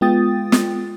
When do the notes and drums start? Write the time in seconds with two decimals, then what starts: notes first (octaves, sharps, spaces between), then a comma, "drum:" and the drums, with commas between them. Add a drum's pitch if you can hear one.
0.01 G#3 B3 F4 G5 D#6 A6
0.52 drum: snare